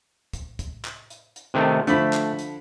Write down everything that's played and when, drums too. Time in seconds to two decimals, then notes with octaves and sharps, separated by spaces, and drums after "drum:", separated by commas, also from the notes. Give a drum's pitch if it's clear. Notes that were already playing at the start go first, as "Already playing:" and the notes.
0.33 drum: kick, hi-hat
0.59 drum: kick, hi-hat
0.85 drum: clap
1.10 drum: hi-hat
1.36 drum: hi-hat
1.54 C3 D#3 A3
1.87 D3 F3 A3 B5, drum: hi-hat
2.13 drum: clap
2.39 drum: hi-hat